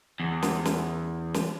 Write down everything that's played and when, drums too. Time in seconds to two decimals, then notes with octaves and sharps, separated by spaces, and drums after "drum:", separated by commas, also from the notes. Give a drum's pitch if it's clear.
0.20 E2
0.42 drum: snare
0.65 drum: snare
1.34 drum: snare